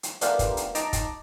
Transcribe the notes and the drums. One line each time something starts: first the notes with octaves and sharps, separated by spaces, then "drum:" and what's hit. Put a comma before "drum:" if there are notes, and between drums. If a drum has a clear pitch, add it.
drum: hi-hat
A3 B3 D4 F4 G4 A#4, drum: hi-hat
drum: kick, hi-hat
drum: hi-hat
D#4 A5 A#5 D6, drum: hi-hat
drum: kick, hi-hat